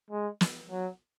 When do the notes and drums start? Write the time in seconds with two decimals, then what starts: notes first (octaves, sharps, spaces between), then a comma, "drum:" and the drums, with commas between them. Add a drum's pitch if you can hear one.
0.10 G#3
0.41 drum: snare
0.70 F#3